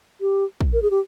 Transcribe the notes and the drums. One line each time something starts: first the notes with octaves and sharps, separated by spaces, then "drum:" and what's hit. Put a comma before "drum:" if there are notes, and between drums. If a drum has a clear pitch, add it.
G4
drum: kick
A#4
G#4
G4